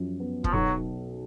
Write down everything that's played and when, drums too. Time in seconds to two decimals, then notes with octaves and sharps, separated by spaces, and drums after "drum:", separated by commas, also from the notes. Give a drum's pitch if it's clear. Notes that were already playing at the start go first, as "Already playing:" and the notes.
Already playing: F#2 F3
0.20 B3
0.44 F3, drum: kick
0.53 B1 F#3